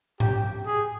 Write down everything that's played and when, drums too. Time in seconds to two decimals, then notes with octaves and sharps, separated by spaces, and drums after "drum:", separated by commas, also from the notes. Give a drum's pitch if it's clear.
0.20 G4, drum: tom G#2
0.66 G#4